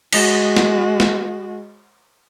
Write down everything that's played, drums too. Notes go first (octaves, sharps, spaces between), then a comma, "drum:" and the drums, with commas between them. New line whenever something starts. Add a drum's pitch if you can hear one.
G#3 F#4, drum: cymbal
drum: snare
drum: snare